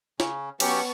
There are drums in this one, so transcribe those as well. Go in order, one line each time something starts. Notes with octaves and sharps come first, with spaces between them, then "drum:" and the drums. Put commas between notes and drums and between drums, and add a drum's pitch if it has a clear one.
C#3 C#4, drum: snare
F#3 B3 C#4 G4 A5 C#6, drum: cymbal